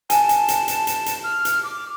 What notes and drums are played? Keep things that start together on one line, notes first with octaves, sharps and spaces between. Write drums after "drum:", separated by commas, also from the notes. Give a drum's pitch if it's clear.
G#5 A5, drum: hi-hat
drum: hi-hat
drum: hi-hat
drum: hi-hat
drum: hi-hat
drum: hi-hat
F6
drum: hi-hat
D6